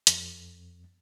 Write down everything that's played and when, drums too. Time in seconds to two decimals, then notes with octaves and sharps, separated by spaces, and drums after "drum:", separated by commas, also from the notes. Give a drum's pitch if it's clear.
0.07 F2, drum: hi-hat